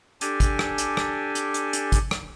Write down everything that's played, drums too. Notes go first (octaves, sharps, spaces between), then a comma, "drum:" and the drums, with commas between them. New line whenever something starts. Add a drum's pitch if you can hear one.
D4 G4 A4 G#5, drum: hi-hat
drum: kick, hi-hat
drum: rim click
drum: hi-hat
drum: rim click
drum: hi-hat
drum: hi-hat
drum: hi-hat
drum: kick, hi-hat
drum: rim click